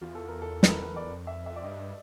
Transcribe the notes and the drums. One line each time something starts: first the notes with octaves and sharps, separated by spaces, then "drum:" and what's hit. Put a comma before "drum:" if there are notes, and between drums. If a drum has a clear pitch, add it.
E2 F4
A4
A#4
A4
B4, drum: snare
A#4
B4
D5
F2
E5
E5
D5
G2 D#5